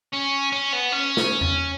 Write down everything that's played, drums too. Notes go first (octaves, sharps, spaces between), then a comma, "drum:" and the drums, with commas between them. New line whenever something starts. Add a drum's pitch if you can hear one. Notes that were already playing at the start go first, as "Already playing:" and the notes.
C#4
C#4
B3
C#4
drum: snare
drum: tom E2